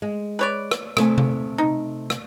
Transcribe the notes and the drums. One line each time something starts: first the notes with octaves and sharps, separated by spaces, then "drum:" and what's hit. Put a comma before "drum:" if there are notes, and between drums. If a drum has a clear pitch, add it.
G#3
B4 C#5 D5
drum: rim click
C3 A3 G#5, drum: rim click
drum: tom C3
D#4
drum: rim click